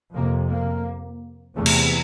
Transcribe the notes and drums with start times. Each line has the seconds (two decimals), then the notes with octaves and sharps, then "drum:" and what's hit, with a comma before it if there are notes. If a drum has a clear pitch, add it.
0.14 F2 C3 A#3
0.50 A#3
1.56 E2 C3 A3
1.66 drum: cymbal